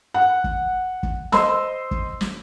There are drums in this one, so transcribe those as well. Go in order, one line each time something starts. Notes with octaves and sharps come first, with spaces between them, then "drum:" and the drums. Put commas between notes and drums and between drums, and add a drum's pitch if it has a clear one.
F#5
drum: kick
drum: kick
C5 D#5 C6 E6, drum: snare
drum: kick
drum: snare